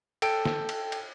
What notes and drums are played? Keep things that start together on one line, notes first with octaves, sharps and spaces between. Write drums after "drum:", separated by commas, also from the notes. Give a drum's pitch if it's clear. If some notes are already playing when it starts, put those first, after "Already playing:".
A4 G5 D7, drum: cymbal
drum: snare
drum: cymbal
drum: cymbal